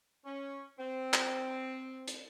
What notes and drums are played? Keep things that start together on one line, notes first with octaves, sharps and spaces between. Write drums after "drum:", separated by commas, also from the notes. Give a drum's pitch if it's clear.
C#4
C4
drum: clap
drum: hi-hat